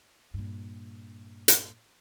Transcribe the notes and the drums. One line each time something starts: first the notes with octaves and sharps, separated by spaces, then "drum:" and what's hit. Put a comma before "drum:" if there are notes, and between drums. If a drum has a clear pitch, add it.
G2 A#2
drum: hi-hat